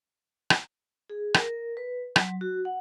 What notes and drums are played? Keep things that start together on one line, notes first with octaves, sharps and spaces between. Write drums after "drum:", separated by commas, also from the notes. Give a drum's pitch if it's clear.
drum: rim click
G#4
A#4, drum: rim click
B4
F#3, drum: rim click
F#4
F#5